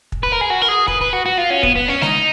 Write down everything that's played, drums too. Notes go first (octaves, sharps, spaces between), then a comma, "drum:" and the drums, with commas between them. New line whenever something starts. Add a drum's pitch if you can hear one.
drum: kick
B4
A#4
G#4
F#4
A#4
G#4
B4, drum: kick
B4
F#4
F#4
F4
C#4
B3, drum: kick
B3
C#4
D#4, drum: snare G#3